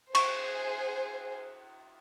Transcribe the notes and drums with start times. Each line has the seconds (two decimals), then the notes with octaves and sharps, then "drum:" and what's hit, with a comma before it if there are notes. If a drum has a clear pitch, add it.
0.15 G#4 C5 C#6, drum: cymbal